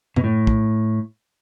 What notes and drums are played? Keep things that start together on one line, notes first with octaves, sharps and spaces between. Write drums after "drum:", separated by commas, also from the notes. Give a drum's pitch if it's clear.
B2, drum: tom F#2
A2
drum: kick